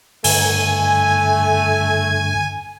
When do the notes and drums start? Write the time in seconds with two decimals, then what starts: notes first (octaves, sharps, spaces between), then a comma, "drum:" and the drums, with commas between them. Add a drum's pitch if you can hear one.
0.24 G2 D3 A3 G#5, drum: open hi-hat